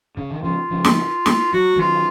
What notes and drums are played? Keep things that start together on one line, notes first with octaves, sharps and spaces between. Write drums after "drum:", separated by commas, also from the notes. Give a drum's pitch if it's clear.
C#3
D#3
C#3 F3 F4
C#3 F3
drum: snare
drum: snare
F#3 F#4
D#3 F#3 F4